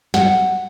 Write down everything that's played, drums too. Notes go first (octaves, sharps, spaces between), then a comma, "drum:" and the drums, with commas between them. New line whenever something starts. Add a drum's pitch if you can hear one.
F#5, drum: snare